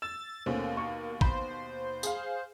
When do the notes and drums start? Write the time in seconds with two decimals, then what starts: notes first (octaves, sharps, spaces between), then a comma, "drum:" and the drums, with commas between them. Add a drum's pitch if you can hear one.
0.02 E6 A6 E7
0.46 D#2 B2 A3 A#3 C#4 C5
0.77 A#3 C#6
1.21 C5 B5, drum: kick
2.03 G#4 F5, drum: tambourine